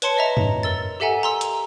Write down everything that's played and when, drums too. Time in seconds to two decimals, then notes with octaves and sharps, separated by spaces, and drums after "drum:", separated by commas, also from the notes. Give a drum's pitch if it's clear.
0.02 B4 C#5 A5 C6 C#7, drum: hi-hat
0.16 B4 D#5 E5 A#5
0.37 drum: tom
0.63 A#4 E6 A6
1.00 G4 A4 E5 F#5 G#5 A#5
1.23 A#5 C6 E6
1.41 drum: hi-hat